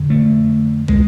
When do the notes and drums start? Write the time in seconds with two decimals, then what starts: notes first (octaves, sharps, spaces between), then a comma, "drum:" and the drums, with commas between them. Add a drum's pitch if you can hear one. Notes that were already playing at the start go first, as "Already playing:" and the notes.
Already playing: F2 D3
0.10 A3
0.88 G#3, drum: kick